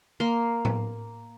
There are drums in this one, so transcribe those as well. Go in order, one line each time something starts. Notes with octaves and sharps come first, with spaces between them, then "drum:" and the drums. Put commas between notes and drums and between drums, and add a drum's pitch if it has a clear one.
A#3 C6
drum: tom A2